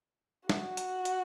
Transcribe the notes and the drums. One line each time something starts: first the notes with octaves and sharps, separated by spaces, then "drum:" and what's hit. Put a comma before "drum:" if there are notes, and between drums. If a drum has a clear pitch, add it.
F#4, drum: snare
drum: hi-hat
drum: hi-hat